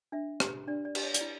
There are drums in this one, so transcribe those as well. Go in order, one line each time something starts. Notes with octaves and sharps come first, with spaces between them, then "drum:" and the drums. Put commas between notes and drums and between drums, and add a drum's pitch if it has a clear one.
D4 E5
G4 B4, drum: rim click
D4 D5
D5
G4 B4, drum: cymbal
C#5
D5, drum: hi-hat
E4